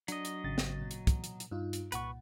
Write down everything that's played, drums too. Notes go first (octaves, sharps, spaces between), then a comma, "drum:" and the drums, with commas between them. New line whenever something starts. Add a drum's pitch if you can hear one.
F#3 D4 D#5, drum: hi-hat
drum: hi-hat
G#1 C#3 A6
drum: snare
A#2
drum: hi-hat
drum: kick, hi-hat
drum: hi-hat
drum: hi-hat
G2 D#4 F4
drum: hi-hat
C2 A#2 B4 F#5 C#6, drum: hi-hat